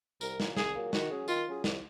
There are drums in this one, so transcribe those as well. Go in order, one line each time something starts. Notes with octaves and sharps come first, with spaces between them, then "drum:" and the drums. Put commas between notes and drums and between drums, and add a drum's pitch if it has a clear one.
C2 A#4, drum: tambourine
A#2 F#3 A#3, drum: snare
C2 G#4, drum: snare
A#2 F#3 A#3
D#3 F#4, drum: snare
F#3 C#4 G#4
D#3 F4, drum: tambourine
F#3 C#4 G#4
C2, drum: snare